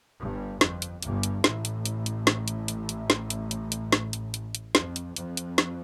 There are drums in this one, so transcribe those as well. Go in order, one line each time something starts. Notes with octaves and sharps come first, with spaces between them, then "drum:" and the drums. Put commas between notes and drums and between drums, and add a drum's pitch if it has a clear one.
G1 G2
F2, drum: snare
drum: hi-hat
G1 G2, drum: hi-hat
drum: hi-hat
A1 A2, drum: snare
drum: hi-hat
drum: hi-hat
drum: hi-hat
drum: snare
drum: hi-hat
drum: hi-hat
drum: hi-hat
drum: snare
drum: hi-hat
drum: hi-hat
drum: hi-hat
drum: snare
drum: hi-hat
drum: hi-hat
drum: hi-hat
F2, drum: snare
drum: hi-hat
F2, drum: hi-hat
drum: hi-hat
drum: snare